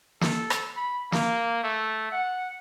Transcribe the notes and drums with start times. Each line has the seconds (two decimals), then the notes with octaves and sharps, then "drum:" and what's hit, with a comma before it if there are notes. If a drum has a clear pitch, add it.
0.21 A4, drum: snare
0.50 drum: rim click
0.76 B5
1.12 A#3, drum: snare
1.63 A3
2.12 F#5